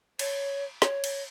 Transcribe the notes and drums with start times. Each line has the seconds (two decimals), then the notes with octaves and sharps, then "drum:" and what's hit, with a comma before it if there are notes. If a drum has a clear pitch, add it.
0.19 C#5, drum: cymbal
0.82 C#5, drum: snare
1.04 drum: cymbal